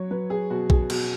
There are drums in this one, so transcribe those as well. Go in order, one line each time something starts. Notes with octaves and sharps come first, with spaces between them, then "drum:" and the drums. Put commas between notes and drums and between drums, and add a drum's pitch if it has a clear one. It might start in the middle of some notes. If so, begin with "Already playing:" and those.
Already playing: F#3 C#5
F#3 B4
G#4
B2 F#4
G#4, drum: kick A#1
B2 F#4, drum: cymbal